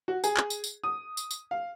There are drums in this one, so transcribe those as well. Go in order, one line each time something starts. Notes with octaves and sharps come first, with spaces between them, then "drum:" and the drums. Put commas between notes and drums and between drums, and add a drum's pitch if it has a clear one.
F#4
G#4, drum: tambourine
drum: clap
drum: tambourine
drum: tambourine
D#6
drum: tambourine
drum: tambourine
F5